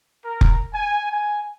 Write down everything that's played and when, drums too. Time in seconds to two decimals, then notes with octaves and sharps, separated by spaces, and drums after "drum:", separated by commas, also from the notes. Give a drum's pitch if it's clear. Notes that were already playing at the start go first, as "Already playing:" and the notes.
0.24 A#4
0.41 drum: kick F1
0.73 G#5
1.10 G#5